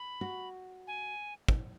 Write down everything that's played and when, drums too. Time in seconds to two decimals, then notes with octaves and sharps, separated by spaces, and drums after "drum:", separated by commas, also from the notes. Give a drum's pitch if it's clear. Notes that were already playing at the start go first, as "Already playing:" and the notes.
Already playing: B5
0.21 F#4
0.87 G#5
1.48 drum: kick